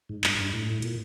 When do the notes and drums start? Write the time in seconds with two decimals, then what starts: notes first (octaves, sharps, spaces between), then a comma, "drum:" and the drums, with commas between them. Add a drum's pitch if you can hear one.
0.09 G#2
0.24 G2, drum: clap
0.39 G2
0.53 A2
0.82 A#2, drum: hi-hat